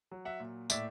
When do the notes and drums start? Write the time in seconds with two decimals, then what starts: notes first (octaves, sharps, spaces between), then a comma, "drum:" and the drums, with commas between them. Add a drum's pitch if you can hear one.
0.11 F#3
0.25 E5 F#5
0.40 A#2
0.70 A2 D5 E5, drum: tambourine